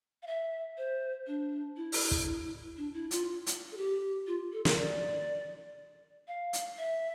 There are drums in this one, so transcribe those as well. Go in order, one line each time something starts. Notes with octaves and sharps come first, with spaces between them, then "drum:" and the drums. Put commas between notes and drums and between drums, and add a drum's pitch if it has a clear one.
F5
E5
C5
D4
E4
drum: open hi-hat
drum: kick
D4
E4
F4, drum: hi-hat
drum: hi-hat
A4
G4
F4
A4
A#4, drum: snare
D5
F5
drum: hi-hat
E5